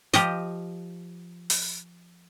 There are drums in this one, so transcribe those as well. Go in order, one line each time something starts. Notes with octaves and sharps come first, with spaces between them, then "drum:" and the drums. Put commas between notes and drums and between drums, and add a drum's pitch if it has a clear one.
F3 G4 D#5, drum: snare
drum: open hi-hat